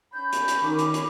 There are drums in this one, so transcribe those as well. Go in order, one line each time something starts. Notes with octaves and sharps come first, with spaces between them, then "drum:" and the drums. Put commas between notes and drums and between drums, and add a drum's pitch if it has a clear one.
C#4 B5 G6
drum: hi-hat
drum: hi-hat
D#3 D6
drum: hi-hat
drum: hi-hat